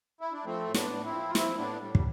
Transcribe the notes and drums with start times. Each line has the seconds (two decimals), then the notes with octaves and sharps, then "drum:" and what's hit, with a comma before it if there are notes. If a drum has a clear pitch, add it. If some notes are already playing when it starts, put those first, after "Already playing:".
0.21 E4
0.33 D4
0.45 F3 A3 C4
0.67 A2
0.74 B3 D4, drum: snare
0.90 A2
1.05 C4 E4
1.12 F3
1.29 F4
1.35 F3 C4 E4, drum: snare
1.58 A2 B3 D4
1.80 A2 G3
1.95 G3, drum: kick